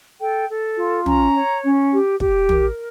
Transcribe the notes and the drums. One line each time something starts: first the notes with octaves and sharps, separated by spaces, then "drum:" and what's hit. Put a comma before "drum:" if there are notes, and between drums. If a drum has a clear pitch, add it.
A4 G5
A4
F4
C#4 A#5, drum: tom
C#5
C#4
G4
G4, drum: kick
A#4, drum: tom